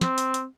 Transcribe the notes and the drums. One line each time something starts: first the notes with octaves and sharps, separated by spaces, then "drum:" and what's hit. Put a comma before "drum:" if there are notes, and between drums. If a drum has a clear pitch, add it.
C4, drum: snare
drum: hi-hat
drum: hi-hat